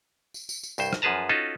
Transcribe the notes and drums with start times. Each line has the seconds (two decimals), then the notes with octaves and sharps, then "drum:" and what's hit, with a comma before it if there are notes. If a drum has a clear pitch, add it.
0.34 drum: tambourine
0.49 drum: tambourine
0.64 drum: tambourine
0.78 C2 G2 C5, drum: tambourine
0.93 drum: rim click
1.02 F#2 F3 G#4 B4 A5 A#5
1.29 C#4 D#4 F4 F#4 A4 D#5